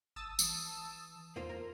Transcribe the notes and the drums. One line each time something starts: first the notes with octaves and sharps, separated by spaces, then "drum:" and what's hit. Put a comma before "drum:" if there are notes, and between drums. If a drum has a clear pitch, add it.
G1 A5 D#6 E6
E3, drum: tambourine
E2 A#3 F4 C5
A#4